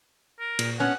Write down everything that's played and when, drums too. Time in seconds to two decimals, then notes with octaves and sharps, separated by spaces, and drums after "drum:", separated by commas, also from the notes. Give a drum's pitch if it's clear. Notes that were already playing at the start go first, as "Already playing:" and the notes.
0.39 A#4
0.59 A#2, drum: cymbal
0.80 B3 C#4 F#5